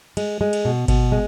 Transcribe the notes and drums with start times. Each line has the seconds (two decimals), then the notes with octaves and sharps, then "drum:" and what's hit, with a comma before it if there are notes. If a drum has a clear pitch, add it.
0.17 G#3, drum: cymbal
0.41 G#3
0.53 drum: cymbal
0.65 B2
0.88 B2, drum: kick G#1, cymbal
1.12 G#3